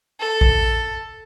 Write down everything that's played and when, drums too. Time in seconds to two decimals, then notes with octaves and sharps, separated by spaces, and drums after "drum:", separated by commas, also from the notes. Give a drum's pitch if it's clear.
0.19 A4
0.41 drum: kick A1